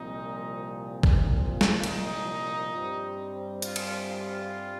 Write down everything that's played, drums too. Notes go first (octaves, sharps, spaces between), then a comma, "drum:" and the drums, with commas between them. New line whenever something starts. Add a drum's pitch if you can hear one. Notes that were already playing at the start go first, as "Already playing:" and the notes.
Already playing: C2 A#2 F3 C4 D#4
drum: kick A#1
drum: snare
D#4, drum: cymbal
G2 G3 C4
F4, drum: hi-hat
drum: cymbal
F4